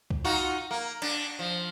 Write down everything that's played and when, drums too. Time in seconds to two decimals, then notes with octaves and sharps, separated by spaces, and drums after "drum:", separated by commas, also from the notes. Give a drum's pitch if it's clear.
0.10 drum: kick
0.24 D#4 F4 F#4
0.71 A#3
1.02 D4, drum: cymbal
1.39 F3